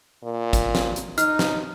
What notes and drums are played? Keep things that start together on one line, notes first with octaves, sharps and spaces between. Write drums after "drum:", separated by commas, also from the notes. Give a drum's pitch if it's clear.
A#2
drum: kick, hi-hat
drum: snare
drum: hi-hat
D#4 F6, drum: hi-hat
drum: snare